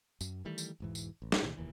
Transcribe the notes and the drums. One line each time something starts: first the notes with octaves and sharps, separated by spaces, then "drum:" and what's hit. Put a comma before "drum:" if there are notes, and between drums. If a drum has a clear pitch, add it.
F#2, drum: tambourine
D#3 E3 G3 A3
drum: tambourine
E1 G#2 E3
drum: tambourine
A1
drum: snare
C2 A#2 D#3 E3
F1 D#2 E3